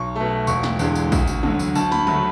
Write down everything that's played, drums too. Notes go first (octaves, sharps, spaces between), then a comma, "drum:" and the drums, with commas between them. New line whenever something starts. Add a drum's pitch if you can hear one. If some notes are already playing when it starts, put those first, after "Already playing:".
Already playing: B1 C#6
B2 A3
E1 C#6, drum: tambourine
drum: snare
E2 D3 G#3, drum: tambourine
drum: tambourine
D2, drum: kick, tambourine
drum: tambourine
D3 F#3, drum: tom
drum: tambourine
D2 A5, drum: tambourine
B5, drum: snare
D3 F#3 A3 B5, drum: tom